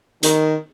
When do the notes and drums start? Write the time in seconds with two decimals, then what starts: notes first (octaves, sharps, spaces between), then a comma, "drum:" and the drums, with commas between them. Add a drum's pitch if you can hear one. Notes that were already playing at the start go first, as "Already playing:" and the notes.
0.23 D#3, drum: hi-hat